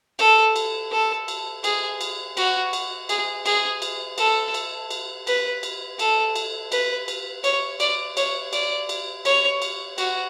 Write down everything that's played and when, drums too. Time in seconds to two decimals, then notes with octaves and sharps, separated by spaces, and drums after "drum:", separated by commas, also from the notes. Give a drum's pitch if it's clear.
0.19 A4, drum: cymbal
0.56 drum: cymbal
0.92 A4
1.28 drum: cymbal
1.64 G#4, drum: cymbal
2.01 drum: cymbal
2.37 F#4, drum: cymbal
2.73 drum: cymbal
3.09 G#4, drum: cymbal
3.46 G#4, drum: cymbal
3.82 drum: cymbal
4.18 A4, drum: cymbal
4.54 drum: cymbal
4.91 drum: cymbal
5.27 B4, drum: cymbal
5.63 drum: cymbal
5.99 A4, drum: cymbal
6.36 drum: cymbal
6.72 B4, drum: cymbal
7.08 drum: cymbal
7.44 C#5, drum: cymbal
7.80 D5, drum: cymbal
8.17 C#5, drum: cymbal
8.53 D5, drum: cymbal
8.89 drum: cymbal
9.25 C#5, drum: cymbal
9.62 drum: cymbal
9.98 F#4, drum: cymbal